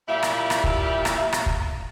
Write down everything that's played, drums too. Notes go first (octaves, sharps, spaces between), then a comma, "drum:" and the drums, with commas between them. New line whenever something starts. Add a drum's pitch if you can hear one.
A#2 G3 E4 G4 E5 F5
drum: rim click
drum: rim click
drum: kick
drum: rim click
drum: rim click
drum: kick